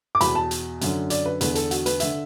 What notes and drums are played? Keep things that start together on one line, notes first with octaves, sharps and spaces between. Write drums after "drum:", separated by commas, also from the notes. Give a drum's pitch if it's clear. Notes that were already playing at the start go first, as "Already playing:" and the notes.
D6
E2 B2 B5, drum: hi-hat
A5
drum: hi-hat
F#2 D3, drum: hi-hat
D5, drum: hi-hat
B4
E2 D3 B4, drum: hi-hat
A4, drum: hi-hat
F#4, drum: hi-hat
B4, drum: hi-hat
D3 E5, drum: hi-hat